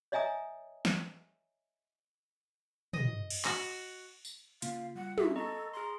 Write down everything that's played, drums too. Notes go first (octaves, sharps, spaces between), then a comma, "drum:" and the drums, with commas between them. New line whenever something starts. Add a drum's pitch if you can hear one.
C#5 D#5 E5 G#5 A#5 D#6
drum: snare
D#5, drum: tom
drum: cymbal
F#4, drum: clap
drum: tambourine
C#3 A#3 F4 F5, drum: hi-hat
G3 F#5
E5, drum: tom
A4 D#5 A#5 C#6 E6
G#4 A#5 C6